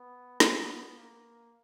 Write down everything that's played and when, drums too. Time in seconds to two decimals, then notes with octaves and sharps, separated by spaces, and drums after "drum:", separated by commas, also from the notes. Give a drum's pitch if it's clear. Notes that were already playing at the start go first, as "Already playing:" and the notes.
Already playing: B3
0.40 B3, drum: snare
0.97 A#3